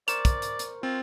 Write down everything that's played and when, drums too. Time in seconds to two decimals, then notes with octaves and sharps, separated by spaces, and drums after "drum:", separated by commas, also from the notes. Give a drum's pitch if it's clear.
0.08 A#4 C5 D5 C#6 E7, drum: hi-hat
0.25 drum: kick, hi-hat
0.42 drum: hi-hat
0.59 drum: hi-hat
0.83 C4 F4